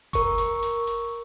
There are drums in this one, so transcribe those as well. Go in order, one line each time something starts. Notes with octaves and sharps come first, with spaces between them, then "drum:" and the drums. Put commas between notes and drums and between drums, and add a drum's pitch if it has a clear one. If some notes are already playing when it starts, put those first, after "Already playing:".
A#4 C#6, drum: kick F#1, hi-hat
drum: hi-hat
drum: hi-hat
drum: hi-hat